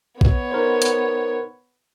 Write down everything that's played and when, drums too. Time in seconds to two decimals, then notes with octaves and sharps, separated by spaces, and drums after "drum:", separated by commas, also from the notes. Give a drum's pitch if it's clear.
0.21 B3 C#5, drum: kick
0.52 D#4 A#4 C5
0.82 drum: hi-hat